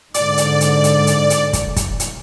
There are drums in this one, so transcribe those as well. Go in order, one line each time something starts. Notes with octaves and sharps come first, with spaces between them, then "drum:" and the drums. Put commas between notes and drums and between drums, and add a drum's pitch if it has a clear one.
G#2 D3 D5, drum: hi-hat
drum: hi-hat
drum: hi-hat
drum: hi-hat
drum: hi-hat
drum: hi-hat
drum: kick, hi-hat
drum: kick, hi-hat
drum: hi-hat